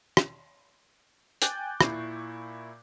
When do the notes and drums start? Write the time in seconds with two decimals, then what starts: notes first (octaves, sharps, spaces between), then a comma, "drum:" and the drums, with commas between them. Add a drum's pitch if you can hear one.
0.17 drum: rim click
1.42 G5 G#5 D6 F#6 G6 A6, drum: hi-hat
1.81 A#2 E4 C#6 C7, drum: rim click